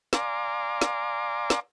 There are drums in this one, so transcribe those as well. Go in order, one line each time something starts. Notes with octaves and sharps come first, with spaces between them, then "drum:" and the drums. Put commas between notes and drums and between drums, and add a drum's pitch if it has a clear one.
D5 F5 G#5 A#5 C6 D6, drum: snare
drum: snare
drum: snare